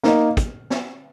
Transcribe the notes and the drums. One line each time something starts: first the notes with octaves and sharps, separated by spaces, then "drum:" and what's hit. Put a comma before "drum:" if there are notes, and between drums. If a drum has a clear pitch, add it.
A#3 D#4 A#4 D#5, drum: snare
drum: kick, hi-hat
drum: snare